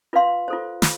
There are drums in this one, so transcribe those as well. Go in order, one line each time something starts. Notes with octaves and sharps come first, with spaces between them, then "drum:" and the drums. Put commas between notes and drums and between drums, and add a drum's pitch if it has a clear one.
F4 B4 F5 C6
F4 A4 C5
F4, drum: snare